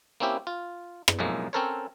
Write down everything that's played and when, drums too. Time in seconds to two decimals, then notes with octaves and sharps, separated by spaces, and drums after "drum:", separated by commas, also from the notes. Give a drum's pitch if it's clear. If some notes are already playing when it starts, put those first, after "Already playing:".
0.20 A#3 C4 C#4 E4 G4
0.47 F4
1.08 drum: rim click
1.19 B1 F2 A2 G#3 A#3
1.53 C4 C#4 A4 A#4 C5 C#5